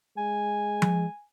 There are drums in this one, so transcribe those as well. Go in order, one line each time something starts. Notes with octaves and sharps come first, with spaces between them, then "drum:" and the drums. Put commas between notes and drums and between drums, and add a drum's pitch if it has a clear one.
G#3 G#5
drum: tom F3